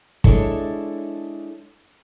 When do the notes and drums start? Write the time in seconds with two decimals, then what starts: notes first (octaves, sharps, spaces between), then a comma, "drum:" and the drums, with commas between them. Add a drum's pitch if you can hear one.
0.24 G#3 D4 E4 A4 C#5, drum: kick